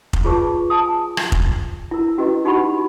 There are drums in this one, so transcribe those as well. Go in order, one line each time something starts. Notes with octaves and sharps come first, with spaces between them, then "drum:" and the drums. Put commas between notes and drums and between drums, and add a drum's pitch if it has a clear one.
drum: kick F1
F4 G#4 B4 C#5 A5 C#6
G#5 A5 D#6
drum: rim click
drum: kick F1
E4 A#4
C#4 F#4 G4 B4 D#5
D#4 F#4 G4 F#5 B5 C#6